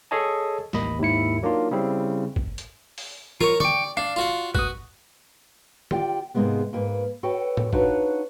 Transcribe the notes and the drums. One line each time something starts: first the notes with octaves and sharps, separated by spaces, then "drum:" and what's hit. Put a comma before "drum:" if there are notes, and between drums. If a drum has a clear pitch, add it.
G#4 A4 C#5 D#5 G#5 A5
A1 D#2 D#5 B5, drum: snare
D#2 G#2 E4 C#7
F#3 A#3 D4 D#4 F4
C#3 G3 C4 E4
drum: kick
drum: hi-hat
drum: open hi-hat
F4 A#4 C#5 C#6, drum: tom
D5 G5 C#6, drum: tom D3
D4 D5 F5
F4 F#4 F#5
F#4 B4 D#6, drum: kick
F4 G4 D5 G5, drum: tom D3
G#2 C3 G#3 A#3 B3
G#2 A#3 B4
F#4 A4 B4 C#5 G5
drum: tom A2
D4 D#4 F4 F#4 B4 C#5, drum: kick